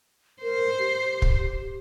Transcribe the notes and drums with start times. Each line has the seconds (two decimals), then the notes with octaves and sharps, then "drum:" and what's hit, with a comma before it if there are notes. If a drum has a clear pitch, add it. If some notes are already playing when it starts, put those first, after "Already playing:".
0.43 A#4 C5
0.79 G4
1.22 drum: kick